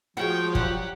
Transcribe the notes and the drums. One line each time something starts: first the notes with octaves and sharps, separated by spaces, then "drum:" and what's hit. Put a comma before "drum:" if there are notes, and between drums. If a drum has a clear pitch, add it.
F3 G#3 F4 F#4 C#5 G5
G2 F#3 G4 F#5, drum: kick